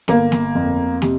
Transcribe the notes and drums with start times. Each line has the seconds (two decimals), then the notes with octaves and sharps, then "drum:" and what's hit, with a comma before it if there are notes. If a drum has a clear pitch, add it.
0.08 G1 A#3, drum: snare
0.32 drum: snare
0.55 F2
1.02 C3, drum: snare